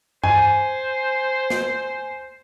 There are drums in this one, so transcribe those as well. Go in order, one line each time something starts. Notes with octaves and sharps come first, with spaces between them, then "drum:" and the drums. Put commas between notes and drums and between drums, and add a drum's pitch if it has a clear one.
C5 G#5, drum: tom G2
drum: snare